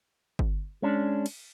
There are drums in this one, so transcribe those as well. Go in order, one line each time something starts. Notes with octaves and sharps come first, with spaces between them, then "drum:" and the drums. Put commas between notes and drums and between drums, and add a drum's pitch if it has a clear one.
drum: kick G1
G#3 C#4 D4
drum: cymbal